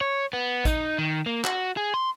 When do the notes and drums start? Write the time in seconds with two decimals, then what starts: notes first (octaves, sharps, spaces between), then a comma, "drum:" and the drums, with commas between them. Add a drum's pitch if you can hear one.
0.01 C#5
0.33 B3
0.65 D#4, drum: kick, hi-hat
0.99 D#3
1.26 A#3
1.45 F#4, drum: clap
1.77 G#4
1.94 C6